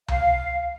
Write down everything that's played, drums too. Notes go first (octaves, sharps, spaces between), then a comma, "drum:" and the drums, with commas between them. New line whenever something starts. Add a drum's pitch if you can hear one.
F5, drum: tom C2